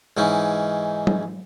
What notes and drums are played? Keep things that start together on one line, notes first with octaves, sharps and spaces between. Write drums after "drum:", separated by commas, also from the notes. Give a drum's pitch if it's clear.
G#2 E3 C#4 D#4
drum: tom